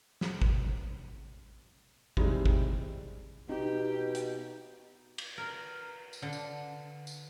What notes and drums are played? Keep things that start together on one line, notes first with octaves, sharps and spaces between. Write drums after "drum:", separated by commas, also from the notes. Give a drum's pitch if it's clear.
drum: snare
drum: kick G#1
D#3 G3 G#3 C4 D#4 E4, drum: kick G#1
drum: kick G#1
B2 D#4 G4
drum: hi-hat
drum: cymbal
A#4
drum: tambourine
D3
drum: tambourine
drum: tambourine